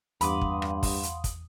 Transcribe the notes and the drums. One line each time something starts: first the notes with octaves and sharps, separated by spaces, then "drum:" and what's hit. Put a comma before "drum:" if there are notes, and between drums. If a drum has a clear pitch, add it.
E2 G2 F5 F#5 B5 C6 D6 D#6, drum: hi-hat
drum: kick
drum: rim click
drum: kick, open hi-hat
drum: hi-hat
drum: kick, hi-hat